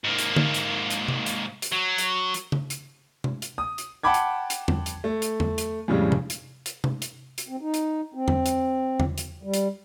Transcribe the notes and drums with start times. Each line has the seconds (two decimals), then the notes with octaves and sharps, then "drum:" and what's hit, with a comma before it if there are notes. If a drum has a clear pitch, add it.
0.04 G#2 A#3
0.18 drum: hi-hat
0.36 drum: tom D3
0.54 drum: hi-hat
0.90 drum: hi-hat
1.08 drum: tom C3
1.26 drum: hi-hat
1.62 drum: hi-hat
1.72 F#3
1.98 drum: hi-hat
2.34 drum: hi-hat
2.52 drum: tom C#3
2.70 drum: hi-hat
3.24 drum: tom C3
3.42 drum: hi-hat
3.58 D#6
3.78 drum: hi-hat
4.03 F#5 G5 A5 B5 D6 G#6
4.14 drum: hi-hat
4.50 drum: hi-hat
4.68 drum: tom E2
4.86 drum: hi-hat
5.04 A3
5.22 drum: hi-hat
5.40 drum: tom E2
5.58 drum: hi-hat
5.88 F2 A2 C#3 G3 G#3
6.12 drum: tom C3
6.30 drum: hi-hat
6.66 drum: hi-hat
6.84 drum: tom C3
7.02 drum: hi-hat
7.38 drum: hi-hat
7.49 C4
7.61 D#4
7.74 drum: hi-hat
8.14 C4
8.28 drum: tom E2
8.46 drum: hi-hat
9.00 drum: tom E2
9.18 drum: hi-hat
9.43 G3
9.54 drum: hi-hat